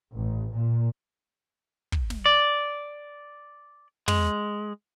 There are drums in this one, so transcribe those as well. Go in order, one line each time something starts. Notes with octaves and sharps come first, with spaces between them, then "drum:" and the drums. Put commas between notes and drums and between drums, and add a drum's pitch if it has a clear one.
A1
A#2
drum: kick
drum: snare
D5
G#3, drum: tom